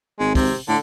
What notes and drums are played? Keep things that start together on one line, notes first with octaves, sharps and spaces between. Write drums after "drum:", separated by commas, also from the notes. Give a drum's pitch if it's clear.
G#1 G#3
C3, drum: kick, open hi-hat
A2 D3